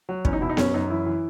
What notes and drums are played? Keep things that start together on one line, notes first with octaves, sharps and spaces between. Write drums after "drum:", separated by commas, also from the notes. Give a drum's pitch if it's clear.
F#3
E2 C#4, drum: kick
D#4
B2 E4
D#4
F#2 C#4, drum: snare B3
F#2 D#4
E3 E4
E3